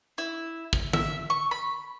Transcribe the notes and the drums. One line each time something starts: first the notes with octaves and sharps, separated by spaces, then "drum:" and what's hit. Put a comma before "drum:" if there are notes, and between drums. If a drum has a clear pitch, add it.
E4
drum: kick
E5, drum: tom
C#6
B5